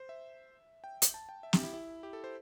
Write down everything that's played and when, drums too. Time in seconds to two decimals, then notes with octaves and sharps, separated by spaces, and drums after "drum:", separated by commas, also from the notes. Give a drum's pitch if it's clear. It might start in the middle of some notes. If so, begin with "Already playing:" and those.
Already playing: C5
0.09 E5
0.84 G5
1.02 drum: hi-hat
1.14 A5
1.29 G5
1.43 E5
1.53 G4, drum: snare
1.63 E4
1.74 E4
2.03 G4
2.13 A4
2.24 C5